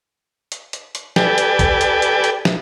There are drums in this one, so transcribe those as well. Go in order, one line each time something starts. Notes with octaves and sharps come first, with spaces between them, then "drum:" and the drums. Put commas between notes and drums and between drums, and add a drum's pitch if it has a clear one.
drum: hi-hat
drum: hi-hat
drum: hi-hat
G4 A4 B4 D5 G5 G#5, drum: snare
drum: hi-hat
drum: kick C#2, hi-hat
drum: hi-hat
drum: hi-hat
drum: hi-hat
drum: snare